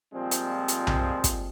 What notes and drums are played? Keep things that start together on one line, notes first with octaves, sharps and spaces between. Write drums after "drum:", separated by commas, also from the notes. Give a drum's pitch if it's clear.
A#2 F3 G3 G#3 C4
drum: hi-hat
drum: hi-hat
drum: tom B1
drum: kick, hi-hat